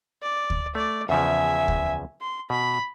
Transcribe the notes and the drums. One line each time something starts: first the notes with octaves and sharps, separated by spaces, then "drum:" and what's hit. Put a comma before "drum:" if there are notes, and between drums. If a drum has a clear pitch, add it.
D5
drum: kick D2
A3 D5
E2 C#3 F3 E5 G#5
drum: kick D2
C6
B2 B5